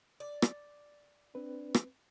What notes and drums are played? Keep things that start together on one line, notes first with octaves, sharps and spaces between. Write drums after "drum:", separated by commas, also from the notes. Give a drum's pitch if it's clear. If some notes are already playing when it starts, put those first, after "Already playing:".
D5
drum: rim click
C4 D4 B4
drum: rim click